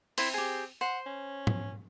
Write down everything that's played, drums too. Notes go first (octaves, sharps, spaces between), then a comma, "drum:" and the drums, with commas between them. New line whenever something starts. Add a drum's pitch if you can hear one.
C4 E4 C5, drum: open hi-hat
G4 G#4
C5 F#5
C#4
drum: tom